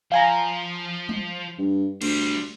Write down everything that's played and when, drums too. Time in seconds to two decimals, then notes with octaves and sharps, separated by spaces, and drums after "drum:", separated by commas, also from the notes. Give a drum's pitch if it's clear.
0.12 F3 F5 G#5 A#5
1.09 drum: tom G3
1.59 G2
2.02 D2 G3 C5, drum: cymbal